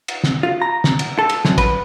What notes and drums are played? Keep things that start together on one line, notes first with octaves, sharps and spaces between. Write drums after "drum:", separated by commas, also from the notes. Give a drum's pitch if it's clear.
drum: cymbal
drum: snare
F4
A#5
drum: snare
drum: cymbal
A4
drum: cymbal
F#2, drum: snare
B4, drum: kick, cymbal